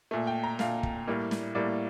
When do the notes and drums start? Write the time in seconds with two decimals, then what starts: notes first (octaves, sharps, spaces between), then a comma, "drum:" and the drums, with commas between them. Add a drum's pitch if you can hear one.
0.11 A#2 A3
0.27 G5
0.43 A#5
0.59 A#2 A3 F5, drum: snare
0.83 drum: kick
1.07 A2 G3 A#3
1.31 drum: snare
1.55 A2 G3 A#3 D5